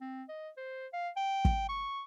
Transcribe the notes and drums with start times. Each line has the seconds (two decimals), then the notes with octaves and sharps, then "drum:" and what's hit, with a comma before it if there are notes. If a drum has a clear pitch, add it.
0.01 C4
0.29 D#5
0.57 C5
0.93 F5
1.17 G5
1.45 drum: kick
1.69 C#6